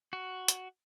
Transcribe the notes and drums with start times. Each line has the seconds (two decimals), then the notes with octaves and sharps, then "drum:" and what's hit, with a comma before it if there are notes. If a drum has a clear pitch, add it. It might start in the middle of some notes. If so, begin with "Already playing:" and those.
0.13 F#4
0.48 drum: hi-hat